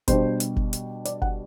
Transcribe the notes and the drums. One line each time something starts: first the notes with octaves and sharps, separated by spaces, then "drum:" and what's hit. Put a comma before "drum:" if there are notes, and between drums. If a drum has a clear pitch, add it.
B2 G3 D4 C5, drum: kick F#1, hi-hat
drum: hi-hat
drum: kick F#1
drum: hi-hat
D5, drum: hi-hat
F#5, drum: kick F#1